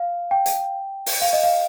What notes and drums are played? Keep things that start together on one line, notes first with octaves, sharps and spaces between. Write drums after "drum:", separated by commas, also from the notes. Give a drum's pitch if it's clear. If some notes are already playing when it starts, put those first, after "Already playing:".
Already playing: F5
G5
drum: hi-hat
drum: open hi-hat
F5
D#5
F5